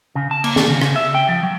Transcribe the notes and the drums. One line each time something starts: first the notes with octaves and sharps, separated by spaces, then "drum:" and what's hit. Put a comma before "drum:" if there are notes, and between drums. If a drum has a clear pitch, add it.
C#3
A5
A#3, drum: cymbal
D#3, drum: snare
C#3
C#3, drum: rim click
E5
G5
F3
F#3